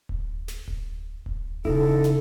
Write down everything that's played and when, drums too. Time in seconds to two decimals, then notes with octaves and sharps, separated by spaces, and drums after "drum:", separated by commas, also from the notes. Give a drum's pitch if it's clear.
0.09 drum: kick D1
0.48 drum: snare
0.68 drum: kick D1
1.26 drum: kick D1
1.65 C#3 D#4 E4 A4, drum: kick D1
2.04 drum: snare